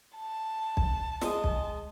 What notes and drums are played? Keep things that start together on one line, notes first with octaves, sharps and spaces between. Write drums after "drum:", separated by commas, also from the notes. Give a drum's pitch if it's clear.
A5
drum: kick B1
G#3 D#6, drum: snare
drum: kick B1